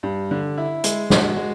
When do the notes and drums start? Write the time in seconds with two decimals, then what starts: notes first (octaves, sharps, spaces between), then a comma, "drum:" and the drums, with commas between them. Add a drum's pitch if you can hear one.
0.03 G2
0.31 D3
0.58 E4
0.84 G#3, drum: hi-hat
1.10 F#4, drum: snare
1.37 G#3